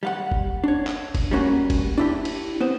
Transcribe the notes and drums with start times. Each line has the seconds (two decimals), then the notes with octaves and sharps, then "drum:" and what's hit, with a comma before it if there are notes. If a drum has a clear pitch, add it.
0.03 G3 F5 F#5
0.32 drum: kick
0.64 D4 C#5
0.87 drum: clap
1.15 drum: kick, cymbal
1.31 G3 A3 A#3 C#4 F#4
1.70 drum: kick, cymbal
1.98 D4 E4 G4
2.25 drum: cymbal
2.61 B3 C4 C5